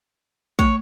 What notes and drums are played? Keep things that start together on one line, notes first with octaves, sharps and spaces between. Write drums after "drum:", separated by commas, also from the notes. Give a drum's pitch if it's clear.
A3 C#5, drum: kick